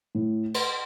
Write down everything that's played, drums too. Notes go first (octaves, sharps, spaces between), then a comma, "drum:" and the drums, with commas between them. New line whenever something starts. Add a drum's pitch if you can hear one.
A2
drum: cymbal